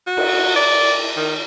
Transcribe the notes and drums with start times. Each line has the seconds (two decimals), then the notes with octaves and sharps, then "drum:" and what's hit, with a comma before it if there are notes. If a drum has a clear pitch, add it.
0.07 F#4
0.17 drum: cymbal
0.56 D5
1.17 D#3